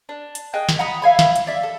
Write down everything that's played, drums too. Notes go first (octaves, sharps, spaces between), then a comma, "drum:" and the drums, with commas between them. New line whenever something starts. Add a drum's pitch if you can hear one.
D4
drum: hi-hat
G#4 D#5 G5 F#6
drum: snare
F#5 A#5 B5 D#6
E5 F5 G#5 B5
drum: snare
drum: hi-hat
D5 E5
A4